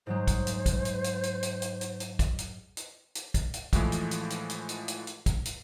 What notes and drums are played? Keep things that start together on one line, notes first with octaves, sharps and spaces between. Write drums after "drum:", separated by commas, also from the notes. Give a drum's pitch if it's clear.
G#2 F#3 G#3 C5
drum: kick, hi-hat
drum: hi-hat
drum: kick, hi-hat
drum: hi-hat
drum: hi-hat
drum: hi-hat
drum: hi-hat
drum: hi-hat
drum: hi-hat
drum: hi-hat
drum: kick, hi-hat
drum: hi-hat
drum: hi-hat
drum: hi-hat
drum: kick, hi-hat
drum: hi-hat
A2 E3 F3 G#3 A3, drum: kick, hi-hat
drum: hi-hat
drum: hi-hat
drum: hi-hat
drum: hi-hat
drum: hi-hat
drum: hi-hat
drum: hi-hat
drum: kick, hi-hat
drum: hi-hat